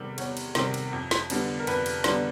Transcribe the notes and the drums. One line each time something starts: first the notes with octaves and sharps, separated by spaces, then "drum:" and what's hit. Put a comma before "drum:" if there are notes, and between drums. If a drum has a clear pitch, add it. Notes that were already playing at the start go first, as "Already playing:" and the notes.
Already playing: E2 C3 D#3 G3 C4
E2 C#5, drum: cymbal
drum: cymbal
C3 D#3 G3 C4, drum: snare
drum: cymbal
F2
drum: snare
D3 G3 B3 D4, drum: cymbal
A#4
F2 B4, drum: cymbal
drum: cymbal
D3 G3 B3 D4, drum: snare